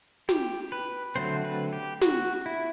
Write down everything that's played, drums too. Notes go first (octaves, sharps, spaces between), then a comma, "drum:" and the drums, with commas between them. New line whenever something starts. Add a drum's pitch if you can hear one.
G4, drum: snare
B4
D3 F#3 A3 C4 C5
B4
G4
F#4, drum: snare
E4